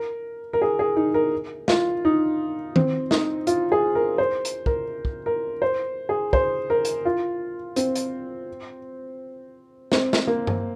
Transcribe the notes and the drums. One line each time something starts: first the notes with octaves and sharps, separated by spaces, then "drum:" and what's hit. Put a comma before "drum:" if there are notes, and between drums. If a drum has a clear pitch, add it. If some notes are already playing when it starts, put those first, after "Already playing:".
Already playing: A#4
A#4
G#4
G#4
D#4
A#4
F4, drum: snare
D#4
C4, drum: tom D#3
D#4, drum: snare
F4, drum: hi-hat
G#4
A#4
C5
drum: hi-hat
A#4, drum: kick
drum: kick
A#4
C5
G#4
C5, drum: kick
A#4
drum: hi-hat
F4
C4, drum: hi-hat
drum: hi-hat
C4, drum: snare
drum: snare
A#3
drum: tom G2